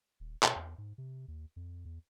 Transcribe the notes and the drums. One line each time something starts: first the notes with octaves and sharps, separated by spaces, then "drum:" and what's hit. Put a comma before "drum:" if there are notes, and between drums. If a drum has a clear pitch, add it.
D#1
B2, drum: clap
E2
G#2
C3
D#2
F2
E2